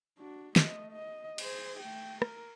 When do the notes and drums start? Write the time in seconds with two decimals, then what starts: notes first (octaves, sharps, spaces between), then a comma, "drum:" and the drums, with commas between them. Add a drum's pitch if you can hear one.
0.18 D4 F#4
0.56 A3 D#5, drum: snare
0.92 D#5
1.38 G#4 C5, drum: cymbal
1.80 A3 G5
2.22 A#4, drum: rim click